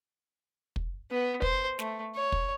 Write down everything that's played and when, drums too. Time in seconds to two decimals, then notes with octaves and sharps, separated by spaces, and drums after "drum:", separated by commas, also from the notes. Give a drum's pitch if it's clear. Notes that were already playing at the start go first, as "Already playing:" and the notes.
0.76 drum: kick
1.11 B3
1.42 C5, drum: kick
1.79 A3, drum: snare
2.15 C#5
2.32 drum: kick